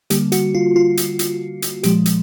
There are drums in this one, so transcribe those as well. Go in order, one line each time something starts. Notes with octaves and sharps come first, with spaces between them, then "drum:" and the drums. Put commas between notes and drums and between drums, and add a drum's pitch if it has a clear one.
D3 G3 A#3 G4, drum: hi-hat
F#4, drum: hi-hat
F4
F4
drum: hi-hat
drum: hi-hat
drum: hi-hat
A#2 F3 G#3 G4, drum: hi-hat
drum: hi-hat